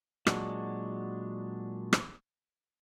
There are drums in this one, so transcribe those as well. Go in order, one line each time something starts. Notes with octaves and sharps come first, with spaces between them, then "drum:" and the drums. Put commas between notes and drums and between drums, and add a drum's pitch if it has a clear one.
A#2 F#3 G#3 D4 F#4, drum: rim click
drum: rim click